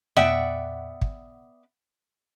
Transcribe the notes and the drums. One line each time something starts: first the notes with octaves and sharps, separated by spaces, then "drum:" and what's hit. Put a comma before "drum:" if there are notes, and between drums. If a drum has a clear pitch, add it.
B3 D5 E5 F#5 G5, drum: tom
drum: kick